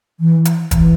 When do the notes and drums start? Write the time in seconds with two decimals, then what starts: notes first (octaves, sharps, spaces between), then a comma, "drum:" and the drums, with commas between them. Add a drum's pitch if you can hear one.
0.20 E3
0.45 drum: hi-hat
0.71 E3, drum: kick, hi-hat